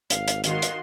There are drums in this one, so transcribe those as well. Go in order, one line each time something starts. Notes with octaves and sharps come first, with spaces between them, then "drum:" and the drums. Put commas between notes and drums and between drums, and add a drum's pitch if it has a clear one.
G#1 F5, drum: hi-hat
drum: hi-hat
D#3 F#4 F5 C6, drum: hi-hat
drum: hi-hat